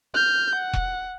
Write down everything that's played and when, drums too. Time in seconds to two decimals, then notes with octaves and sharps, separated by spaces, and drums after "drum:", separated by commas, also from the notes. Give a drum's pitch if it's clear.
0.14 F6 G6
0.55 F#5
0.73 drum: kick E1